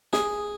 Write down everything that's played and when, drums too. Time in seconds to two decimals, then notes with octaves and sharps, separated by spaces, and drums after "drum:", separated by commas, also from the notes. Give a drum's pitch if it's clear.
0.13 G#4, drum: snare